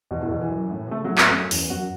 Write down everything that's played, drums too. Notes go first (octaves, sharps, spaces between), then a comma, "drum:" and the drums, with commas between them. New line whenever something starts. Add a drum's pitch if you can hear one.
E2 B2
A2
F#2
E2 B2
E2 E3
F#2
A2
B2
C#3 A3
F#3
A2
A3, drum: clap
F#2 C#4
E2, drum: open hi-hat
F#2 F#4